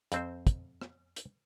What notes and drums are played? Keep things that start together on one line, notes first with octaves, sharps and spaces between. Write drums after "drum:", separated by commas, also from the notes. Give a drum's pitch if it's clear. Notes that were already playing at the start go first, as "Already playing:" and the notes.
F2 C4 C5, drum: hi-hat
drum: kick, hi-hat
drum: rim click
drum: hi-hat